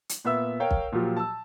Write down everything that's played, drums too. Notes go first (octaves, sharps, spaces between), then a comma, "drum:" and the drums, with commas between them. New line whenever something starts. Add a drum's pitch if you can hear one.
drum: hi-hat
A#2 B3 E5 E6
A#4 C#5 F5 G5
drum: kick B1
A#2 F3 F#3 G4
A5 E6